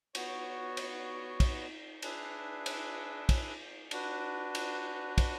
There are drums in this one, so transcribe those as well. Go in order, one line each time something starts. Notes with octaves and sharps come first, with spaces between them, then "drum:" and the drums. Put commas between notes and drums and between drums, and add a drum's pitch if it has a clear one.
B3 F#4 C#5, drum: cymbal
drum: cymbal
drum: kick, cymbal
D4 G#4 B4 E5, drum: cymbal
drum: cymbal
drum: kick, cymbal
D4 F#4 B4, drum: cymbal
drum: cymbal
drum: kick, cymbal